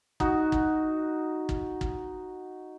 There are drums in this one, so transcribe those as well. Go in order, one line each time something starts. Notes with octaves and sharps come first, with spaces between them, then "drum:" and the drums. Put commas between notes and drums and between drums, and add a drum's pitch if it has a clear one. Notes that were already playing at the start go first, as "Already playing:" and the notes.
D#4 F#4, drum: kick
drum: kick
drum: kick
drum: kick